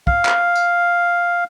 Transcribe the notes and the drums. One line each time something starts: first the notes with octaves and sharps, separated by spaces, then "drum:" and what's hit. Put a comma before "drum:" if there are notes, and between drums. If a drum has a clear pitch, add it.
F5, drum: kick
drum: clap
drum: tambourine